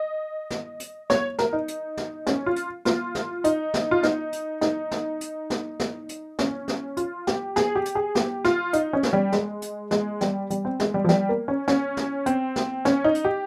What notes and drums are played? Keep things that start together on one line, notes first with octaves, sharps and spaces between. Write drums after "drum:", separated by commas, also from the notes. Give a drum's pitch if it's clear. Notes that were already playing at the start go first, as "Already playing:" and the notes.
Already playing: D#5
drum: snare
drum: hi-hat
C#5, drum: snare
A#4, drum: snare
D#4
drum: hi-hat
drum: snare
C#4, drum: snare
F4
drum: hi-hat
F4, drum: snare
drum: snare
D#4, drum: hi-hat
drum: snare
F4
D#4, drum: snare
drum: hi-hat
D#4, drum: snare
drum: snare
drum: hi-hat
drum: snare
drum: snare
drum: hi-hat
C#4, drum: snare
drum: snare
F4, drum: hi-hat
G4, drum: snare
G#4, drum: snare
G4
drum: hi-hat
G#4
G4, drum: snare
F4, drum: snare
D#4, drum: hi-hat
C#4
drum: snare
G3
G#3, drum: snare
drum: hi-hat
G#3, drum: snare
G3, drum: snare
G3, drum: hi-hat
C4
G#3, drum: snare
G3
F3
G3, drum: snare
A#3
C#4
C#4, drum: snare
drum: snare
C4, drum: hi-hat
drum: snare
C#4, drum: snare
D#4
drum: hi-hat
G4